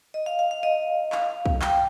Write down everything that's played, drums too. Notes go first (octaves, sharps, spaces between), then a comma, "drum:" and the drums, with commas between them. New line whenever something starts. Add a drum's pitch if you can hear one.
D#5
F5
F5
F5
D#5
F5, drum: clap
drum: kick
G5, drum: clap